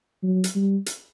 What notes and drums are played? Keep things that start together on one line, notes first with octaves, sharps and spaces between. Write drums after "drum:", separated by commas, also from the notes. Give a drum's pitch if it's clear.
F#3
drum: hi-hat
G3
drum: hi-hat